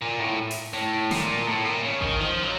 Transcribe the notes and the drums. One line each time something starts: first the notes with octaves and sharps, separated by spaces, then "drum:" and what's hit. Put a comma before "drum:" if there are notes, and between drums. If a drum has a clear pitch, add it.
A#2
A2
drum: open hi-hat
A2
A#2, drum: snare
A2
A#2
C#3
D#3, drum: kick A1
F3
F#3